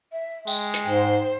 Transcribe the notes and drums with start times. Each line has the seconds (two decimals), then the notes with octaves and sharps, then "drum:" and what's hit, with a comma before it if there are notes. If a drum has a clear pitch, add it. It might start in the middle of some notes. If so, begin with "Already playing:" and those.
0.12 E5
0.47 G#3 G5, drum: tambourine
0.74 drum: hi-hat
0.87 G#2 C5